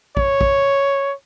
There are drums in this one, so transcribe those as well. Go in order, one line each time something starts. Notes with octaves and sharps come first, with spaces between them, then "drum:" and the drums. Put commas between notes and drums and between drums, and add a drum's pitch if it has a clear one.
C#5, drum: kick
drum: kick